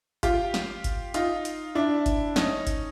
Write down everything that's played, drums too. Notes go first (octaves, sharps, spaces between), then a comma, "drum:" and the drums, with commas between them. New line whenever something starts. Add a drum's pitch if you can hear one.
F4 G4, drum: kick G1, hi-hat
drum: snare
drum: kick G1, hi-hat
D#4 F4, drum: hi-hat
drum: hi-hat
D4 E4
drum: kick G1, hi-hat
C#4 D#4, drum: snare
drum: kick G1, hi-hat